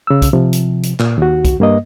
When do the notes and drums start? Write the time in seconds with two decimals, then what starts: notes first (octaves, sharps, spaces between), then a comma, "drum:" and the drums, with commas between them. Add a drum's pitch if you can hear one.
0.07 C#3 E6
0.22 drum: kick, hi-hat
0.33 C3 F3
0.53 drum: hi-hat
0.83 drum: hi-hat
1.00 A#2, drum: clap
1.18 D#2 F#4
1.45 drum: kick, hi-hat
1.60 G2 A#3 D#5